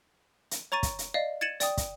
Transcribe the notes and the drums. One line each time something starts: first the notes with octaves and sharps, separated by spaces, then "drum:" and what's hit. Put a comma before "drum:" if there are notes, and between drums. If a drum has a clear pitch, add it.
drum: hi-hat
C#5 A#5 C#6 A6 D#7
drum: kick, hi-hat
drum: hi-hat
D5 D#5 F5
G#6 A6 C#7 D#7 E7 F#7
D5 G5 D#6, drum: hi-hat
drum: kick, hi-hat